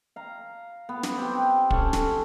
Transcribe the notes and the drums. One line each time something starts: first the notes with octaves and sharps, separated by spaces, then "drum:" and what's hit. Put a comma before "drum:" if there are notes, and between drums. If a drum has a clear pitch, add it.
F5 A#5
B3
drum: snare
C4 G4
C#4 A4 G#5, drum: kick
drum: snare